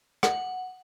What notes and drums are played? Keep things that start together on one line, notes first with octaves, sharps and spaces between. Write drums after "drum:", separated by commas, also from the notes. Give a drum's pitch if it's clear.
F#5, drum: rim click